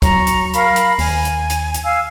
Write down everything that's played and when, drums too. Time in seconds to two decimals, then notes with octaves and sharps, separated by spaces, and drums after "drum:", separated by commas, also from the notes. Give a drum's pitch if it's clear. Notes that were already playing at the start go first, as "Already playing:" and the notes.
0.02 F#3 A#5 C#6, drum: kick, hi-hat
0.27 drum: hi-hat
0.53 A#4 F5 B5, drum: hi-hat
0.76 drum: hi-hat
0.99 D#2 G#5, drum: open hi-hat
1.25 drum: hi-hat
1.50 drum: hi-hat
1.74 drum: hi-hat
1.84 F5 G#5 E6